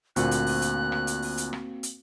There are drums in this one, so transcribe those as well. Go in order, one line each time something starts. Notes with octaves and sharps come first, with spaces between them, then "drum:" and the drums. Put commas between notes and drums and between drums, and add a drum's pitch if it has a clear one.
D2 A#2 A#3 C4 F#4 F#6, drum: hi-hat
drum: hi-hat
drum: open hi-hat
drum: hi-hat
drum: rim click
drum: hi-hat
drum: open hi-hat
drum: hi-hat
drum: rim click
drum: hi-hat